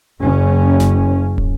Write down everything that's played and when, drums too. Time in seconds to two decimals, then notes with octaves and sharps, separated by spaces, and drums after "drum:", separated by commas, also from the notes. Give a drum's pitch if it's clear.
0.22 F#1 C#4
0.80 drum: snare D#1
1.38 drum: kick